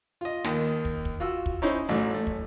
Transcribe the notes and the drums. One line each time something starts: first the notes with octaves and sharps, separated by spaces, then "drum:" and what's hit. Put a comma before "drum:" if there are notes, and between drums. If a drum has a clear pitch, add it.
F4 D#5
D#2 D#3, drum: snare
drum: kick
drum: kick
F4 F#4 E6
drum: kick
C#4 D#4 E4 C5 C#5
A1 E3 F#3 A3
A3
drum: kick